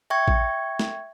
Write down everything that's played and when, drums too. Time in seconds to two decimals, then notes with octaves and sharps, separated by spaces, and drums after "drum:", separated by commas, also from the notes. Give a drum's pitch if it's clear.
0.10 E5 G5 C#6 G#6
0.28 drum: kick A1
0.79 drum: snare